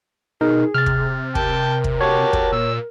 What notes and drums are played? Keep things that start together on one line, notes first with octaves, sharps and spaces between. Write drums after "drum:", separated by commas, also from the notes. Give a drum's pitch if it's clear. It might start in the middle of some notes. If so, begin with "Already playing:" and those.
B2 D#4 G#4 A#4
C3 F6 A6
drum: kick
A#4 G5 A5, drum: kick
drum: kick
F#4 G4 A4 C#5
drum: kick
A#2 E6